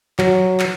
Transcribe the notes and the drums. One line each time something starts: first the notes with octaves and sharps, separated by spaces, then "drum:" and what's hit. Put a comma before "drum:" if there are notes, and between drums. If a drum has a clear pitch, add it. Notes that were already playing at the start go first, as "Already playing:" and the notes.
F#3, drum: clap
drum: clap